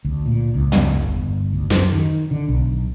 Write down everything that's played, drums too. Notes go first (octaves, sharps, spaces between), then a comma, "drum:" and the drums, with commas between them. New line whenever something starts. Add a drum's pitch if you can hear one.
D2
A#2
C#2
drum: tom
G1
D2
F#2, drum: snare
D#3
D3
B1